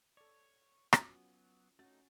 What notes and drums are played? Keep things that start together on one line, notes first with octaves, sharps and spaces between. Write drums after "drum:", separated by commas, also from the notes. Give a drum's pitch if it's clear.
A4 C#5 D5
F#3 B3 C#4 F4 F#4, drum: rim click
A3 C#4 D#4 F#4 A6